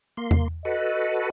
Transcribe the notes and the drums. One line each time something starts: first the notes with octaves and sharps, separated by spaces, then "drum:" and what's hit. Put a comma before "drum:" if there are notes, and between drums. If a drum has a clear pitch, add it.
A#3 C6
drum: tom E2
F#4 A4 B4 D#5